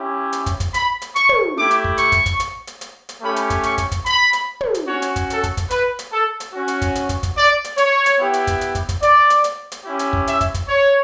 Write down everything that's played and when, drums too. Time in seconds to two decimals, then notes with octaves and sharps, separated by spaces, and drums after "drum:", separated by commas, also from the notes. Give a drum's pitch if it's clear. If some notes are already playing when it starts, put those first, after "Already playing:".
Already playing: C#4 E4 G4
0.32 drum: hi-hat
0.46 drum: kick, hi-hat
0.60 drum: kick, hi-hat
0.74 B5, drum: hi-hat
1.02 drum: hi-hat
1.16 C#6, drum: hi-hat
1.29 drum: tom
1.57 A3 E4 G4 D6
1.71 drum: hi-hat
1.84 drum: kick
1.98 C#6, drum: hi-hat
2.12 drum: kick, hi-hat
2.26 drum: kick, hi-hat
2.40 drum: hi-hat
2.67 drum: hi-hat
2.81 drum: hi-hat
3.09 drum: hi-hat
3.22 A3 C#4 G4 B5
3.36 drum: hi-hat
3.50 drum: kick, hi-hat
3.63 C#6, drum: hi-hat
3.78 drum: kick, hi-hat
3.92 drum: kick, hi-hat
4.06 B5, drum: hi-hat
4.33 drum: hi-hat
4.61 drum: tom
4.74 drum: hi-hat
4.88 C#4 F#4 C#5
5.02 drum: hi-hat
5.16 drum: kick, hi-hat
5.30 A4, drum: hi-hat
5.43 drum: kick, hi-hat
5.57 drum: kick, hi-hat
5.70 B4, drum: hi-hat
5.99 drum: hi-hat
6.13 A4
6.40 drum: hi-hat
6.54 C#4 F#4
6.68 drum: hi-hat
6.82 drum: kick, hi-hat
6.95 drum: hi-hat
7.09 drum: kick, hi-hat
7.23 drum: kick, hi-hat
7.36 D5
7.64 drum: hi-hat
7.78 C#5, drum: hi-hat
8.06 drum: hi-hat
8.19 B3 E4 G4
8.33 drum: hi-hat
8.47 drum: kick, hi-hat
8.61 drum: hi-hat
8.75 drum: kick, hi-hat
8.89 drum: kick, hi-hat
9.03 D5, drum: hi-hat
9.30 drum: hi-hat
9.44 drum: hi-hat
9.72 drum: hi-hat
9.85 C#4 E4 G4
9.99 drum: hi-hat
10.13 drum: kick
10.27 E5, drum: hi-hat
10.41 drum: kick, hi-hat
10.54 drum: kick, hi-hat
10.68 C#5